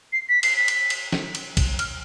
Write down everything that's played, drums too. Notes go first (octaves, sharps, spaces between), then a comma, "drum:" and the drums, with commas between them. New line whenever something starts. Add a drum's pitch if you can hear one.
C7
B6
C7, drum: cymbal
B6
drum: cymbal
drum: cymbal
drum: snare
drum: cymbal
drum: kick, cymbal
F6, drum: cymbal